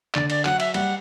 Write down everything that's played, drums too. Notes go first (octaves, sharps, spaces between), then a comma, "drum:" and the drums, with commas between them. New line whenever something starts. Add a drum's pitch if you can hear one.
D3 D5, drum: clap
D5, drum: cymbal
F#3 F#5, drum: clap
E5, drum: cymbal
G3 F#5, drum: cymbal